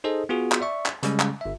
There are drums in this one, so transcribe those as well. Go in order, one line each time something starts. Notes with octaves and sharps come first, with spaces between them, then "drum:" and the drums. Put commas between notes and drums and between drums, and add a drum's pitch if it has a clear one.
D#4 G#4 A4 C5 D#5
B3 F4 F#4 G#4
drum: clap
D5 E5 C#6
drum: clap
C#3 G3 G#3 C#4, drum: hi-hat
drum: clap
G1 E5